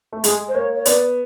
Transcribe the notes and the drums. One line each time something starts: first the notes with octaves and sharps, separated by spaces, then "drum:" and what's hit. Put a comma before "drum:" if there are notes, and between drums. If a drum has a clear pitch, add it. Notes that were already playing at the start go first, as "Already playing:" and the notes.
A3
G#3 G#4, drum: hi-hat
C5
A#3 C#5
C#5
B3 D5, drum: hi-hat